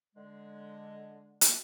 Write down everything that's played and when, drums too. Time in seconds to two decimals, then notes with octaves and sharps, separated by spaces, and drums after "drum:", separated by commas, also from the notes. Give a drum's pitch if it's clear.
0.16 D3 G#3
1.41 drum: hi-hat